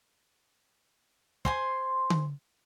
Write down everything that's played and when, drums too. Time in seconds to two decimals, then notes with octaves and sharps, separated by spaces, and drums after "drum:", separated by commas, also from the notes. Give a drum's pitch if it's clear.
1.45 C5 G#5 C6, drum: kick
2.10 drum: tom D3